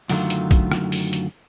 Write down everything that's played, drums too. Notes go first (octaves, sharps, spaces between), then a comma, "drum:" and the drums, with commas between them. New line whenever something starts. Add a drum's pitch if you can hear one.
F#2 D3 D#3 F#3 A3 F4, drum: open hi-hat
drum: hi-hat
drum: kick, hi-hat
drum: rim click
drum: open hi-hat
drum: hi-hat